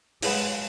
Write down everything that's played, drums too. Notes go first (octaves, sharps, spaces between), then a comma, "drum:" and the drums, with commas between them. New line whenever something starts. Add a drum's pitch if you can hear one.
G#3 E4 G#4 B4 F#5, drum: open hi-hat